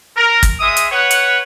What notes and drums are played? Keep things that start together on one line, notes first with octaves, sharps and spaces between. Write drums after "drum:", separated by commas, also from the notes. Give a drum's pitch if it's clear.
A#4
drum: kick, hi-hat
G#3 E5 D#6
drum: hi-hat
B4 C#5 F#5
drum: hi-hat